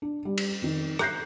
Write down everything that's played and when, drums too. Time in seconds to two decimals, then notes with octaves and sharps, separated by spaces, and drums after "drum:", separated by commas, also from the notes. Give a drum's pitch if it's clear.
0.02 D4
0.25 G3
0.38 drum: cymbal
0.62 F2 D#3
0.99 A#5 F#6 G6 A#6 C7, drum: rim click